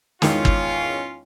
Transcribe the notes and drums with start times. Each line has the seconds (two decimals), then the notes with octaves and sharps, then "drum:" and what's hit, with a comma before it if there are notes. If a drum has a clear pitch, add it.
0.22 E2 G#2 D#3 C#4 F4, drum: snare
0.45 drum: kick G1